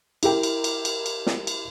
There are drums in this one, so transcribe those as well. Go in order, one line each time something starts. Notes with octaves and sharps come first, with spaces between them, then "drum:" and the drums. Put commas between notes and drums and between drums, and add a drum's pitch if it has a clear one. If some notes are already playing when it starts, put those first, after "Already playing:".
E4 G4 A#4 G5, drum: cymbal
drum: cymbal
drum: cymbal
drum: cymbal
drum: cymbal
drum: snare
drum: cymbal